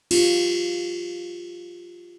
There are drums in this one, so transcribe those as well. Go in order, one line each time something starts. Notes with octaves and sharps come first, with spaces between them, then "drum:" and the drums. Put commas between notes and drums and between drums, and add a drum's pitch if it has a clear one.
F4 G4, drum: cymbal